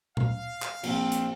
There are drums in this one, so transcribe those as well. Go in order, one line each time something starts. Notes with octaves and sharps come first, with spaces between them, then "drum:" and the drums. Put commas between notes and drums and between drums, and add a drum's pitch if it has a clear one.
F5, drum: tom A#2
drum: clap
A#1 C4, drum: cymbal
drum: hi-hat